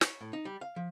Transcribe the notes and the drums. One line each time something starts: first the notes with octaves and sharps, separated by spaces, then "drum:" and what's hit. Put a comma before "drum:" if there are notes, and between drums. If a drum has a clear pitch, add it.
C#5, drum: snare
A2
D#4
G3
F5
F3